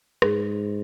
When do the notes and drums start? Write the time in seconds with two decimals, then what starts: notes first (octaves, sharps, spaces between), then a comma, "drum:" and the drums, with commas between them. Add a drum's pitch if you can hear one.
0.22 G#2 G#4, drum: rim click